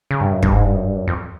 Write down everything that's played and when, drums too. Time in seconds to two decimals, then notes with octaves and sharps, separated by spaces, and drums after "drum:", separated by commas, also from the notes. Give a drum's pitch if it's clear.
0.11 C#3
0.21 G2
0.32 F#2
0.43 G2, drum: kick
0.54 G#2
0.64 G2
0.75 F#2
0.86 G2
0.96 F#2
1.08 F2